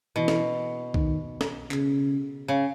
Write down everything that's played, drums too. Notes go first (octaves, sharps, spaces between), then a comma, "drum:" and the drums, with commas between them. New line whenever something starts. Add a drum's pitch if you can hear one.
B2 E3
drum: snare
D#3, drum: kick B1
drum: snare
C#3, drum: clap
C#3